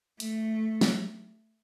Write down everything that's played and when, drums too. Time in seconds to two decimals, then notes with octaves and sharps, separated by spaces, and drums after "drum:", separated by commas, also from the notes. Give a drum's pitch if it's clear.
0.20 A3, drum: hi-hat
0.81 drum: snare